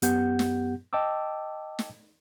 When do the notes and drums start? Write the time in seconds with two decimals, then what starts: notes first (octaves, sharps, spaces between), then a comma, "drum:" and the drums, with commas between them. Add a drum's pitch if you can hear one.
0.02 F#2 B3 G4 F#5 G6, drum: hi-hat
0.39 drum: snare
0.93 D#5 G5 A5 D6 E6
1.79 drum: snare